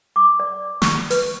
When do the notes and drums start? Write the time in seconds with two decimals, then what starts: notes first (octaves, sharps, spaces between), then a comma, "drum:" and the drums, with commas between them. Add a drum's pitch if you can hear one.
0.16 D6
0.40 D5
0.82 C#6, drum: snare
1.10 B4, drum: open hi-hat